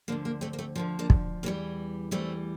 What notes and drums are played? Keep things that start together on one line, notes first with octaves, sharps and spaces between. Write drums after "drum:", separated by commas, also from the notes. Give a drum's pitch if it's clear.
D2 D3 F3 A#3
A#3
A3 C4
A#3
A3 C4
D2 D3 F3 A#3
A#3 D4
drum: kick
E2 E3 G3 A#3
E2 E3 G3 A3 C4